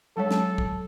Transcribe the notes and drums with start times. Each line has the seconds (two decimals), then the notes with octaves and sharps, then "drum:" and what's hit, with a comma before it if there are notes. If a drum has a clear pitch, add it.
0.17 F#3 G#3 A4 C#5
0.31 drum: snare
0.58 drum: kick